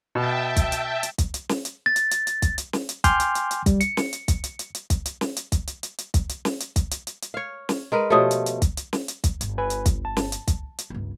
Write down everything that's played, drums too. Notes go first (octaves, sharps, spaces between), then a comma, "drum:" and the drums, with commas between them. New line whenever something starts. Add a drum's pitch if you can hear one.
B2 E5 G5 A5
drum: kick, hi-hat
drum: hi-hat
drum: hi-hat
drum: kick, hi-hat
drum: hi-hat
drum: snare
drum: hi-hat
A6
drum: hi-hat
drum: hi-hat
drum: hi-hat
drum: kick, hi-hat
drum: hi-hat
drum: snare
drum: hi-hat
G5 G#5 C6 D6 F6 G6, drum: kick, hi-hat
drum: hi-hat
drum: hi-hat
drum: hi-hat
G3, drum: kick, hi-hat
C#7, drum: hi-hat
drum: snare
drum: hi-hat
drum: kick, hi-hat
drum: hi-hat
drum: hi-hat
drum: hi-hat
drum: kick, hi-hat
drum: hi-hat
drum: snare
drum: hi-hat
drum: kick, hi-hat
drum: hi-hat
drum: hi-hat
drum: hi-hat
drum: kick, hi-hat
drum: hi-hat
drum: snare
drum: hi-hat
drum: kick, hi-hat
drum: hi-hat
drum: hi-hat
drum: hi-hat
C#5 F5
drum: snare
G#3 A#4 B4
B2 F3 A3 G4 C#5 D#6
drum: hi-hat
drum: hi-hat
drum: kick, hi-hat
drum: hi-hat
drum: snare
drum: hi-hat
drum: kick, hi-hat
G1, drum: hi-hat
B4 G#5
drum: hi-hat
drum: kick, hi-hat
A5
drum: snare
drum: hi-hat
drum: kick, hi-hat
drum: hi-hat
G1 C#2